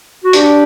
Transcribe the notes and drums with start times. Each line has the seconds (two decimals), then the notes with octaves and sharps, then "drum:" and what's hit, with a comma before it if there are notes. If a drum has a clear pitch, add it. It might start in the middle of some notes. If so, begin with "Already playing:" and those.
0.24 F#4
0.33 D4 G4, drum: hi-hat